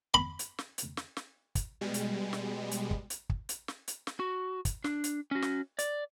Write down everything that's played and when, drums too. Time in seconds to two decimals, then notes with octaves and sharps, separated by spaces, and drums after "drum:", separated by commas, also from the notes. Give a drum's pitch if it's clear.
0.14 B5
0.39 drum: hi-hat
0.59 drum: snare
0.78 drum: hi-hat
0.97 drum: snare
1.17 drum: snare
1.55 drum: kick, hi-hat
1.81 B2 G3 G#3
1.94 drum: hi-hat
2.33 drum: snare
2.71 drum: hi-hat
2.91 drum: kick
3.10 drum: hi-hat
3.29 drum: kick
3.49 drum: hi-hat
3.68 drum: snare
3.88 drum: hi-hat
4.07 drum: snare
4.20 F#4
4.65 drum: kick, hi-hat
4.84 D4, drum: snare
5.04 drum: hi-hat
5.31 C#4 F#4
5.42 drum: snare
5.79 D5, drum: hi-hat